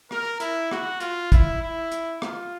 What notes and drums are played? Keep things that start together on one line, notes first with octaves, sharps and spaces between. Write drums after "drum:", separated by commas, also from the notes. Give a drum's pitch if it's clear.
A#4, drum: rim click
E4, drum: hi-hat
F#4, drum: rim click
F4, drum: hi-hat
E4, drum: kick, hi-hat
E4
drum: hi-hat
F4, drum: rim click